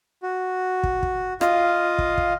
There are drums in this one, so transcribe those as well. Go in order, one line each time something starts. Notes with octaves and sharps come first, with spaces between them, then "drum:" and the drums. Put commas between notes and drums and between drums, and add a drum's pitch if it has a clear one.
F#4
drum: kick
drum: kick
F4 D#5 F5, drum: rim click
drum: kick
drum: kick